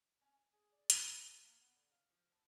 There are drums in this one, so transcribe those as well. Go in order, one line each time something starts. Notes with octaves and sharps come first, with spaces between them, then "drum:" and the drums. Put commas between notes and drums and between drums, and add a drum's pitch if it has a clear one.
C#4
A5
G#4
D5
C4, drum: hi-hat
A3
A#3
B3
D3
F5
F3
A2